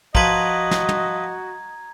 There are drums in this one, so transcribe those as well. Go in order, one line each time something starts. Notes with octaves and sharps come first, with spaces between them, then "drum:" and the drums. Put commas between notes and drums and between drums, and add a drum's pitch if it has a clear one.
F3 F#4 B4 D#5 A#5 G#6, drum: kick
drum: snare
drum: tom